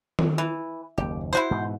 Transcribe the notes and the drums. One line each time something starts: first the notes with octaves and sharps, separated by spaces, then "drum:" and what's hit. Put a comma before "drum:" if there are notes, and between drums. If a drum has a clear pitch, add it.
drum: tom D#3
E3
F#1 D#2 G4
E4 F#4 C5
G#2 B2 E3